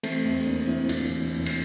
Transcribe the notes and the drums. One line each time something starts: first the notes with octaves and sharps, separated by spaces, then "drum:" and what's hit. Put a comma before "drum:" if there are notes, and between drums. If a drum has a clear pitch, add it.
E3 A3 C4, drum: cymbal
E2 A3 C4
E2 A#3 D4
E3 C4 E4
E2 D4 F4, drum: cymbal
E3
E2
drum: cymbal